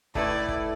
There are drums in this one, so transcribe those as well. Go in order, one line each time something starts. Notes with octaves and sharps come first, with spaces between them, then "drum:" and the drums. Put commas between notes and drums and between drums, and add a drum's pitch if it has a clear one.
A2 A3 E4 B4 D5, drum: kick F#1
drum: kick F#1